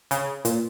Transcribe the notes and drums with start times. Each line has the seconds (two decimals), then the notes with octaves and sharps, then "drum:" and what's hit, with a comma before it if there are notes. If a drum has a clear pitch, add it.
0.11 C#3, drum: hi-hat
0.45 A#2, drum: hi-hat